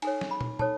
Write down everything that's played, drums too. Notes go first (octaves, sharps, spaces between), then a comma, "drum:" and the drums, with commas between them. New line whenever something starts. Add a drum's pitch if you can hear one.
D#4 A4 C#5 G#5, drum: cymbal
drum: snare
B5
drum: tom
D#4 A4 C#5 A5, drum: tom